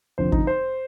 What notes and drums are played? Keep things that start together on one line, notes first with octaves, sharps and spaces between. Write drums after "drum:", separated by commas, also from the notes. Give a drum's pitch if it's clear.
F1 F2 D3 F3 C5
D#4, drum: kick
C5